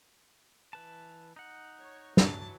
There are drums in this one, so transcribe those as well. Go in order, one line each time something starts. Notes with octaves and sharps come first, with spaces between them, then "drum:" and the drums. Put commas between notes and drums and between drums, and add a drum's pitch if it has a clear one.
E3 B4 A5
D#4 F#5
C#5
G2 E3 F#3 A5, drum: snare